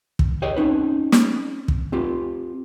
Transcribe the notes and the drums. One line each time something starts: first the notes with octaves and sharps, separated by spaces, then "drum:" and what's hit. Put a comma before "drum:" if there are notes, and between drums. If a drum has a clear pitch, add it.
drum: kick
G4 G#4 C#5 D#5 G5
C4 C#4 D#4 B4
drum: snare
drum: kick
C4 F4 G4